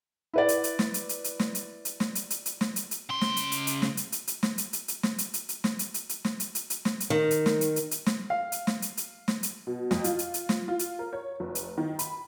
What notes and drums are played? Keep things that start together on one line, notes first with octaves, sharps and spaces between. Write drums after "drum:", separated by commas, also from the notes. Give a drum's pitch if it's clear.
E4 B4 D5
drum: hi-hat
drum: hi-hat
drum: snare
drum: hi-hat
drum: hi-hat
drum: hi-hat
drum: snare
drum: hi-hat
drum: hi-hat
drum: snare
drum: hi-hat
drum: hi-hat
drum: hi-hat
drum: snare
drum: hi-hat
drum: hi-hat
C#3 C6
drum: snare
drum: hi-hat
drum: hi-hat
drum: hi-hat
drum: snare
drum: hi-hat
drum: hi-hat
drum: hi-hat
drum: snare
drum: hi-hat
drum: hi-hat
drum: hi-hat
drum: snare
drum: hi-hat
drum: hi-hat
drum: hi-hat
drum: snare
drum: hi-hat
drum: hi-hat
drum: hi-hat
drum: snare
drum: hi-hat
drum: hi-hat
drum: hi-hat
drum: snare
drum: hi-hat
D#3
drum: hi-hat
drum: snare
drum: hi-hat
drum: hi-hat
drum: hi-hat
drum: snare
F5
drum: hi-hat
drum: snare
drum: hi-hat
drum: hi-hat
drum: snare
drum: hi-hat
B2
F2, drum: snare
F4, drum: hi-hat
drum: hi-hat
drum: hi-hat
drum: snare
F4
drum: hi-hat
A#4
C#5
F1
drum: hi-hat
D#3
B5, drum: hi-hat